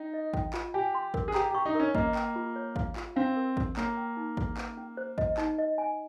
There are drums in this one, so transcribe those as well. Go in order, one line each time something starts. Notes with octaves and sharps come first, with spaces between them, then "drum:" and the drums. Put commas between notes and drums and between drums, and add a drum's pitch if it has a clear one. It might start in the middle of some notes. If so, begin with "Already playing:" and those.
Already playing: C#4 D#4
D#5
G5, drum: kick
F4, drum: clap
G4 G#5
C6
A#4, drum: kick
G#4
G4 A#5, drum: clap
G4 C#6
D#4
C#4 A#4
A#3 D#5, drum: kick
G5, drum: clap
F4
C#5
F5, drum: kick
F4, drum: clap
C4 F5
A#4
A#4, drum: kick
A#3 C#5, drum: clap
G5
D#4
G#4, drum: kick
C#4, drum: clap
C#4
C5
D#5, drum: kick
D#4, drum: clap
D#5
G#5